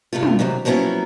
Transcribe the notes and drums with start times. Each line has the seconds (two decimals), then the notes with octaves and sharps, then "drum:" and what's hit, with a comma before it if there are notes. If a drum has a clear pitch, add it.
0.13 G2 C3 A3 F4
0.23 drum: tom
0.39 C3 D#3 E3 F#3
0.65 F3 F#3 A#3 B3 C#4 E4